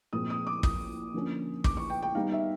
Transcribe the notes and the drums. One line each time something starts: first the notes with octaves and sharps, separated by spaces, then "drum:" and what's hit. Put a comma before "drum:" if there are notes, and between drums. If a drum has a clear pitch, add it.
A#2 F3 G#3 C4 D#6
D#6
D6
D#6, drum: kick
D3 F3 A#3 C#4
D6, drum: kick
C#6
G5
G5
D#3 G3 B3 D#4 F5
E5